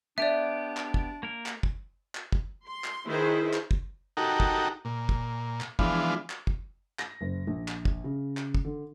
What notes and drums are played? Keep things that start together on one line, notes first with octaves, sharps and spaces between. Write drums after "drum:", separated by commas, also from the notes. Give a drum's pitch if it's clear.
B3 D4 G4 D5 E5
drum: clap
drum: kick
A#3 A#4
drum: clap
drum: kick
drum: clap
drum: kick
C6
drum: clap
D#3 E4 G#4 B4 C5
drum: clap
drum: kick
D#4 F#4 G4 A4 A#4
drum: kick
A#2
drum: kick
drum: clap
E3 F3 G#3 B3 D4 F4, drum: kick
drum: clap
drum: kick
A#6, drum: clap
F#1
A#1
drum: clap
drum: kick
C#3
drum: clap
drum: kick
D3